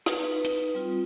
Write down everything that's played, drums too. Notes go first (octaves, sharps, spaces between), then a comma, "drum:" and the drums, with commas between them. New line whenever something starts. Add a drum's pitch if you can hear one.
D#4 B4, drum: rim click
drum: hi-hat
G3 C4 F4